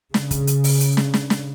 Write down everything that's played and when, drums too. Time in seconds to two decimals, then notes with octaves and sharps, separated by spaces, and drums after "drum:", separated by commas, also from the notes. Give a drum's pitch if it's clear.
0.14 C#3, drum: snare
0.31 drum: kick, hi-hat
0.47 drum: hi-hat
0.64 drum: open hi-hat
0.80 drum: hi-hat
0.97 drum: snare
1.14 drum: snare
1.30 drum: snare